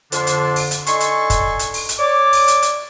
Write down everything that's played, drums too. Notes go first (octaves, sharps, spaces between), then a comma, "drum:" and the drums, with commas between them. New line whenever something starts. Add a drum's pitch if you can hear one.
F2 D3 D4 C6, drum: hi-hat
drum: hi-hat
drum: open hi-hat
drum: hi-hat
D4 D#4 A4 G#5 C6 C#6, drum: hi-hat
drum: hi-hat
drum: kick, hi-hat
drum: hi-hat
drum: open hi-hat
drum: hi-hat
C#5 D5 D6
drum: open hi-hat
drum: hi-hat
drum: hi-hat